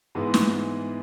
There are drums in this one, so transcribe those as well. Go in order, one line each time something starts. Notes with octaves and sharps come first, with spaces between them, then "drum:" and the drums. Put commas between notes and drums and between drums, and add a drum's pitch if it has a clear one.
G#2 E3 G#3 B3 E4
drum: snare